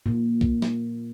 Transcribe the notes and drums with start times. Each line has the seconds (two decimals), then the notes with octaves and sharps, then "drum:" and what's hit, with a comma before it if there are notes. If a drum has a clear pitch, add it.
0.06 A#2
0.41 drum: kick B1
0.62 drum: snare